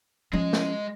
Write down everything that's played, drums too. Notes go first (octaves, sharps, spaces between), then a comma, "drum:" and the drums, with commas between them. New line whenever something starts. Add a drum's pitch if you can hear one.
F3 G#3 C#4 D#5
drum: snare